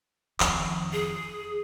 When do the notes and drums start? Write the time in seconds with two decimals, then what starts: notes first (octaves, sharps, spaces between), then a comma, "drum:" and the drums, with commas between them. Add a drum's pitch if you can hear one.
0.40 F2 D#3, drum: clap
0.93 G#4